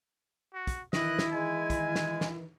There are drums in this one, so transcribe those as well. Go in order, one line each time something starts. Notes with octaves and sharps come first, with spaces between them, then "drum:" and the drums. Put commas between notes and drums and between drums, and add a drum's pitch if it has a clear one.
F#4
drum: kick, hi-hat
D#3 E3 E4 D#5 F#6, drum: snare
drum: snare
G#3 G#5
drum: kick, hi-hat
drum: snare
drum: snare